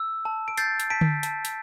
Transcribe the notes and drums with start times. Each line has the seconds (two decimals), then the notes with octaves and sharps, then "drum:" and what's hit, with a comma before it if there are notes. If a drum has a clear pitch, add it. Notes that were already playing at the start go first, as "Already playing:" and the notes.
Already playing: E6
0.25 A5
0.48 D7
0.57 G6 A6 C7, drum: hi-hat
0.80 drum: hi-hat
0.90 A5 B6 D7
1.01 drum: tom D3
1.23 A5, drum: hi-hat
1.45 drum: hi-hat